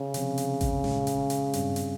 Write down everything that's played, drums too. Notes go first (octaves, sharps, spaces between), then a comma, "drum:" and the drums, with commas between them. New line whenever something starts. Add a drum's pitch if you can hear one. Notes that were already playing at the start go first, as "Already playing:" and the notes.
Already playing: C#3
C3 F3 C4, drum: hi-hat
drum: hi-hat
drum: kick A1, hi-hat
A#2 G#3 C#4, drum: snare
drum: hi-hat
drum: hi-hat
G2 G3 C4, drum: hi-hat
drum: hi-hat